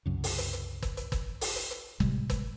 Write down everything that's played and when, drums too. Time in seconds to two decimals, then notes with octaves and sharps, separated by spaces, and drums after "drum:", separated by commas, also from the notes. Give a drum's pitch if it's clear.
0.06 C2 F#2 C#3
0.24 drum: open hi-hat
0.38 drum: hi-hat
0.53 drum: hi-hat
0.82 drum: kick, hi-hat
0.97 drum: hi-hat
1.12 drum: kick, hi-hat
1.41 drum: open hi-hat
1.56 drum: hi-hat
1.71 drum: hi-hat
2.00 A2 C3 G3 G#3, drum: kick
2.30 drum: kick, hi-hat